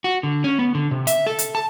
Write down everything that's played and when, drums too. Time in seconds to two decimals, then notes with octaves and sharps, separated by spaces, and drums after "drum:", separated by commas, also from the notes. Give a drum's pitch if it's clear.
0.04 F#4
0.23 D3
0.44 C#4
0.59 B3
0.75 D3
0.91 C3
1.07 E5, drum: hi-hat
1.27 A4
1.39 drum: hi-hat
1.55 A5